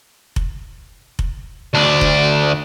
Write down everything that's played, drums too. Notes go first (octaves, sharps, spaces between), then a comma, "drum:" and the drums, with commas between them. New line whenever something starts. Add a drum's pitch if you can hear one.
drum: kick F1
drum: kick F1
D2 D4
drum: kick F1